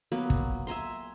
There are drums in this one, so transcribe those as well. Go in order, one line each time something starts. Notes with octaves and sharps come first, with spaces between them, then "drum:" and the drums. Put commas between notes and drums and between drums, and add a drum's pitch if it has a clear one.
F#3 A#3 B3
drum: kick
E5 G#5 A#5 C6